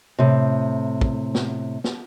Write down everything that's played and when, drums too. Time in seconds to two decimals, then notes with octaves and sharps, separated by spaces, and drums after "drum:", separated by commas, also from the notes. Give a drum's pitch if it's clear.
0.19 A2 C3
1.01 drum: kick
1.35 drum: snare
1.84 drum: snare